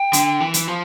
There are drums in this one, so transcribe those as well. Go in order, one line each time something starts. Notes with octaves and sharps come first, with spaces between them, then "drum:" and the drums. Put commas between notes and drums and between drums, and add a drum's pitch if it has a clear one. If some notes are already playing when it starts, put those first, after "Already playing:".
Already playing: G5
D3, drum: hi-hat
E3
drum: hi-hat
F3